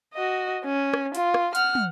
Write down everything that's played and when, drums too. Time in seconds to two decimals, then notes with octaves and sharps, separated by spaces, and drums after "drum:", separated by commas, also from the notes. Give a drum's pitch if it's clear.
0.14 F#4 D#5
0.65 C#4
0.94 drum: rim click
1.15 F4, drum: hi-hat
1.34 drum: rim click
1.55 F#5 F6, drum: hi-hat
1.75 drum: tom